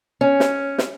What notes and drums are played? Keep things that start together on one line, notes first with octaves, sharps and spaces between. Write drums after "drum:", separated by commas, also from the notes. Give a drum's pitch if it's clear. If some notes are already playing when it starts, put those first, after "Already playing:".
C#4
drum: snare
drum: snare